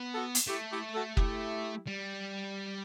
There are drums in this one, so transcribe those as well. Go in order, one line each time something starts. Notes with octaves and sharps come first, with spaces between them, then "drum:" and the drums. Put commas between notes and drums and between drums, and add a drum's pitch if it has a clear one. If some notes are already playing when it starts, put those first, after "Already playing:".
Already playing: B3
F#4 A4
drum: hi-hat
A3 E4 G4
E4 G4
F#4 A4
E4 G4, drum: kick
G3